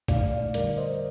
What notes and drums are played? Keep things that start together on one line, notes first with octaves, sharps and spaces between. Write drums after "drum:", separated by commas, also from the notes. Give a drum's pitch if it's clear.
A#2 A3 D#4 D5 F5, drum: kick, hi-hat
D5 F5
F2 D3 G3 A#4 D5, drum: hi-hat
C5 D#5